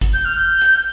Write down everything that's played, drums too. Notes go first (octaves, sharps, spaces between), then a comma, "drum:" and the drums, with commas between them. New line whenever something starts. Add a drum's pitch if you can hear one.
drum: kick G#1, hi-hat
G6
F6
G6
drum: hi-hat